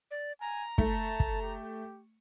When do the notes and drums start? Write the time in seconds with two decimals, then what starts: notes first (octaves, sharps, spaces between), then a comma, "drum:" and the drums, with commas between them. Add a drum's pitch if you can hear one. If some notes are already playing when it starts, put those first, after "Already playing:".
0.11 D5
0.41 G#5 A#5
0.78 A3 A5, drum: kick
1.20 drum: kick
1.42 G4